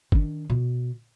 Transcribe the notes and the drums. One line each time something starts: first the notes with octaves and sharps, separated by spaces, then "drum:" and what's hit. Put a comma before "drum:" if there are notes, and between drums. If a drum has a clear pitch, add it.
D#3 D4, drum: kick G1
B2